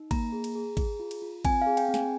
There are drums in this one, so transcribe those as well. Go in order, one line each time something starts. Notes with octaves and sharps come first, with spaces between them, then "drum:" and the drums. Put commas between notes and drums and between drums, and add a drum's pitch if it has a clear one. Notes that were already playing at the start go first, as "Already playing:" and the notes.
Already playing: D#4
A#3 A#5, drum: kick, cymbal
G#4
drum: cymbal
G#4
G#4, drum: kick, cymbal
F4
drum: cymbal
F4
C4 G#5, drum: kick, cymbal
F5
G#4
G5, drum: cymbal
C4
G#5, drum: snare